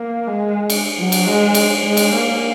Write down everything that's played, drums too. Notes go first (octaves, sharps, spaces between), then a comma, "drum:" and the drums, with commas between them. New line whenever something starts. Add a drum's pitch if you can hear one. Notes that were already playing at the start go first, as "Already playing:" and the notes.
Already playing: A#3
G#3
drum: cymbal
F#3
drum: cymbal
G#3
drum: cymbal
G#3
drum: cymbal
A#3